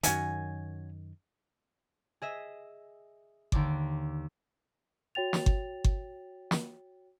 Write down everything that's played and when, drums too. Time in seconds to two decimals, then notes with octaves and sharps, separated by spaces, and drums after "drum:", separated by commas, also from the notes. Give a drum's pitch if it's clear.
0.03 F#2 D#3 C#4 F#4 G#5, drum: hi-hat
2.22 G#4 D#5 E5
3.52 D#2 D3 D5 D6, drum: kick G1
5.15 F#4 C#5 G5 A6 F7
5.33 drum: snare
5.46 drum: kick G1
5.84 drum: kick G1
6.51 drum: snare